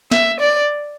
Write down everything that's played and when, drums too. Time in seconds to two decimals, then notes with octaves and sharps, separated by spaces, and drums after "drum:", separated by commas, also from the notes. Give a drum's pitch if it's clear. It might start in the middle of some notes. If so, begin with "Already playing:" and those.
0.11 E5, drum: snare
0.40 D5